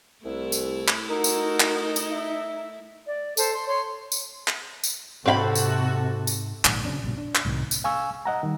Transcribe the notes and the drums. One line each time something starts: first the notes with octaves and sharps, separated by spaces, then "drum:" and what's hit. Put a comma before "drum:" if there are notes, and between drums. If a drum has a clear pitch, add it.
C2 A3 E4
drum: tambourine
drum: clap
D#4 F#4 A#4
drum: tambourine
drum: clap
drum: tambourine
E5
D5
A4 C5, drum: tambourine
C6
C#5 C6
drum: tambourine
drum: clap
drum: tambourine
G#2 C3 C4 F#4 A4 F5 B5 G6
drum: tambourine
drum: tambourine
A#1 G#2 D3, drum: clap
C#3 F#3 C4 D4
A#1 G2 B2
D4
drum: clap
C2 A2 C3 D#3
drum: tambourine
F5 G#5 C#6 E6
D#5 F#5 A#5
D#3 G3